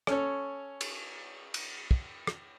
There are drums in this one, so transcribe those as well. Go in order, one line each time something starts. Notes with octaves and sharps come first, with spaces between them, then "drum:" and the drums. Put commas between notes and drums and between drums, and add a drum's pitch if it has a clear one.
C#4 A4 C#5, drum: rim click
drum: cymbal
drum: cymbal
drum: kick
drum: rim click